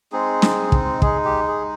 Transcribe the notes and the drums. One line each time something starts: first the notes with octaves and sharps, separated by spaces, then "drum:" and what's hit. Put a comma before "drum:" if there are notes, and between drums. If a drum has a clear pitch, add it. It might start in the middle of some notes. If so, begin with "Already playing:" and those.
G#3 C4 D#4 G#4
drum: snare
drum: kick
G#3 D#4 G#4, drum: kick
G4
G#4